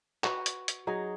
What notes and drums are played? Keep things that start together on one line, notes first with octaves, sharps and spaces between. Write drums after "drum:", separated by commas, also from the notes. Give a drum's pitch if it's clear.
F#4 B4, drum: clap
drum: hi-hat
drum: hi-hat
F#3 D#4 G#4